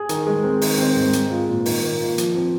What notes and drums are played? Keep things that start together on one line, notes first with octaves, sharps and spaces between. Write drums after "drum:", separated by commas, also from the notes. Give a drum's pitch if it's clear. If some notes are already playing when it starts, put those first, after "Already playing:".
Already playing: G#4
D#3, drum: hi-hat
G#3
C4
D#3, drum: open hi-hat
C4
G#2
G#3, drum: hi-hat
F4
A#2
D#3, drum: open hi-hat
A#3
F4
F3, drum: hi-hat
C4